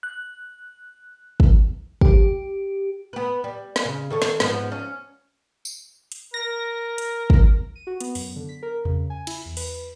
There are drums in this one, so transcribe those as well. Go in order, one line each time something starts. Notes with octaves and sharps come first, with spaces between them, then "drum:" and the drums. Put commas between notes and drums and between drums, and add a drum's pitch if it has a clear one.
F#6
drum: kick
G4, drum: kick
B3 B4
G3
drum: snare
C#3
D#3 A4 C#5
drum: snare
G#2 F3 B3, drum: snare
C#4
drum: tambourine
drum: hi-hat
A#4 A#6
drum: hi-hat
drum: kick
D#7
F#4
B3, drum: hi-hat
F#2, drum: open hi-hat
D3
B6
A#4
C#3, drum: tom E2
G#5
E4, drum: cymbal
E2
B4, drum: open hi-hat